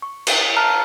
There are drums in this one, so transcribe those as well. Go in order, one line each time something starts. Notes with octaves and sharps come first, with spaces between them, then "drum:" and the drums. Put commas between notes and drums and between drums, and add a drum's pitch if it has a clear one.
C#6
drum: cymbal
A5 A#5 F6 F#6